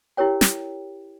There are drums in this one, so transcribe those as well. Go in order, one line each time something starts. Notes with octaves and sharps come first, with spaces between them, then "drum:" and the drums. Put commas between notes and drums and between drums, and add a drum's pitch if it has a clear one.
E4 G4 A#4 C#5 G5
drum: snare